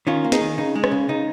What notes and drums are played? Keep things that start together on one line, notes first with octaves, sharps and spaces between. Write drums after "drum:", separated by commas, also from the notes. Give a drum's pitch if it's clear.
D#3 C#4 F4
A#3
D#4 G#4, drum: snare
D#3
C#3 D#4
G#3
C#4, drum: rim click
C#3
C#3 D#4